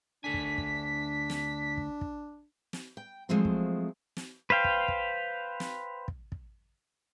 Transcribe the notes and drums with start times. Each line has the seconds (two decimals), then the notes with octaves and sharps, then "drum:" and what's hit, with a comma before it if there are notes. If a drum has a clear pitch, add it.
0.24 D2 D4 A4 G#5 B6
0.34 drum: kick
0.58 drum: kick
1.30 drum: snare
1.77 drum: kick
2.01 drum: kick
2.73 drum: snare
2.97 G5
3.29 F3 F#3 G#3 A3 C4
3.45 drum: kick
4.17 drum: snare
4.50 B4 C5 F5 G5
4.64 drum: kick
4.88 drum: kick
5.60 drum: snare
6.08 drum: kick
6.32 drum: kick